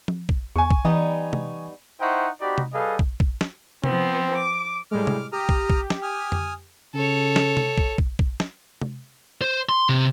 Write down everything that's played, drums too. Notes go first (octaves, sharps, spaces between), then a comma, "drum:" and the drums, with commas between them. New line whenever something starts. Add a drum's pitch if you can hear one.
drum: tom F3
drum: kick
E2 G#5 C#6
drum: kick
E3 G3 B3 D#4
drum: tom C3
D#4 E4 C5 F#5 G5 C#6
C4 D#4 F#4 G4 D5 B5
drum: tom C3
G3 G#4 A4 B4 D#5 F5
drum: kick
drum: kick
drum: snare
F3 B3 C4, drum: tom C3
D6
A2 G3 G#3 D6 F6
drum: tom C3
G4 A#5 D#6 F6
drum: kick
drum: kick
drum: snare
G#5 D#6 F6
drum: tom F2
C#3 A4 C#5
drum: snare
drum: tom C3
drum: kick
drum: kick
drum: kick
drum: snare
drum: tom C3
C5
C6
C3